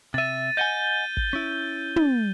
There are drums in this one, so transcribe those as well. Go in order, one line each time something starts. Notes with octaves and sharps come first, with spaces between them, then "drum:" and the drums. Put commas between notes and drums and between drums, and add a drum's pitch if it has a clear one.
C3 E5 A6 D#7
D#5 F#5 G#5 G6 D#7 G7
drum: kick
C#4 E4
drum: tom